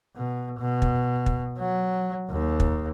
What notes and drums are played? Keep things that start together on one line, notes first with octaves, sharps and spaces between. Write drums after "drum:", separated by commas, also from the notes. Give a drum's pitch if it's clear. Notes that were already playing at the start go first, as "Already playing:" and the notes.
B2
B2
drum: kick
drum: kick
F#3
D#2
drum: kick